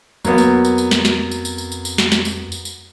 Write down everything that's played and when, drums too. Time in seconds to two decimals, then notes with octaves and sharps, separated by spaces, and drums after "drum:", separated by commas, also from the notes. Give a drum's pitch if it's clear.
0.25 F2 F#3 A#3 B3, drum: tambourine
0.38 drum: tambourine
0.65 drum: tambourine
0.78 drum: tambourine
0.91 drum: snare
1.05 drum: snare
1.31 drum: tambourine
1.45 drum: tambourine
1.58 drum: tambourine
1.72 drum: tambourine
1.85 drum: tambourine
1.98 drum: snare
2.12 drum: snare
2.25 drum: tambourine
2.52 drum: tambourine
2.65 drum: tambourine